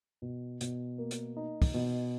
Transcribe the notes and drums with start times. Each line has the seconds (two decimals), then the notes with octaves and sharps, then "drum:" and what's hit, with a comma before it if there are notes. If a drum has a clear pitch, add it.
0.22 B2
0.61 B2, drum: hi-hat
0.98 A#3
1.11 drum: hi-hat
1.37 D#4
1.62 drum: kick, open hi-hat
1.74 B2